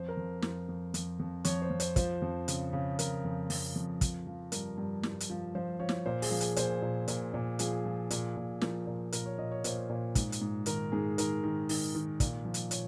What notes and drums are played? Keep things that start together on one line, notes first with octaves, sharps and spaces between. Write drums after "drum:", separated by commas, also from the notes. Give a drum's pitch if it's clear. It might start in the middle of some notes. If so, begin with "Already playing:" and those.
Already playing: F2 C5
A#4
F2
F2, drum: snare
F2
F2, drum: hi-hat
F2
F2 C#5, drum: hi-hat
C5
F2
C5, drum: hi-hat
F3 C5, drum: kick, hi-hat
F2
C#3, drum: hi-hat
C#3
F2 A#4, drum: hi-hat
F2
F2, drum: open hi-hat
F2
F3, drum: kick, hi-hat
F3
G2 A#4, drum: hi-hat
G2
G2, drum: snare
drum: hi-hat
F3
F3 C5
F3 C#5
drum: snare
A#2 C5
G#4, drum: open hi-hat
F3
G#4, drum: hi-hat
A#2 C5, drum: hi-hat
A#2
A#2, drum: hi-hat
A#2
F3 G#4, drum: hi-hat
F3
A#2, drum: hi-hat
A#2
F3 A#4, drum: snare
A#2
A#2 A#4, drum: hi-hat
C#5
A#2 D#5
C#5
A#2 C5, drum: hi-hat
A#2
G#2, drum: kick, hi-hat
drum: hi-hat
G#2
D#3 A#4, drum: hi-hat
G#2 G#4
D#3 A#4, drum: hi-hat
D#3
D#3, drum: open hi-hat
D#3
A#2, drum: kick, hi-hat
F3
drum: hi-hat
A#2 C#5, drum: hi-hat